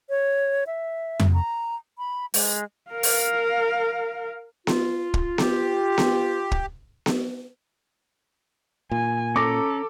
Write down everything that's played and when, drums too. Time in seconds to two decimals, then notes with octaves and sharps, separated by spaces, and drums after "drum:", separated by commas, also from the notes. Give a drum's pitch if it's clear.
0.10 C#5
0.67 E5
1.20 drum: tom F2
1.33 A#5
1.98 B5
2.34 G#3, drum: open hi-hat
2.91 A#4 F5
3.03 drum: open hi-hat
4.67 F4, drum: snare B3
5.14 drum: kick
5.38 G4, drum: snare B3
5.98 drum: snare B3
6.52 drum: kick
7.06 drum: snare B3
8.91 A#2 G#5
9.36 C#4 A4 A#5 D6